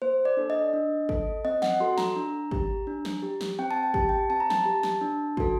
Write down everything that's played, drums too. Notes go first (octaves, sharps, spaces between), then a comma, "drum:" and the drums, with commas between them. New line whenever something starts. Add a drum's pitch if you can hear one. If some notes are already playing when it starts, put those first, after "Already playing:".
A#3 C5
D5
D4 A4
D#5
D4
A4, drum: kick
C4 D#5
F#5, drum: snare
F#4 A4 C6
A#5, drum: snare
D4
G4, drum: kick
D4
drum: snare
G4
drum: snare
C4 G5
A5
G5
G4 A5, drum: kick
G5
C4 A5
A#5
A5, drum: snare
G4
drum: snare
D4
F#4 A4, drum: kick